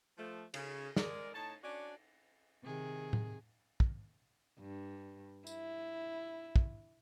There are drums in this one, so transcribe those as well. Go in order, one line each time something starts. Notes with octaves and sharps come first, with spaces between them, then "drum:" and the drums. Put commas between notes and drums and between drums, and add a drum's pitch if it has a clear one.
F3 A3
C#3, drum: cymbal
G#3 A#4 D5, drum: snare
A2 D#4 C#5 A5
C#4 D4 F#4 C#5 D5
C3 D#3 G#4
drum: tom A2
drum: kick
G2
E4, drum: tambourine
drum: kick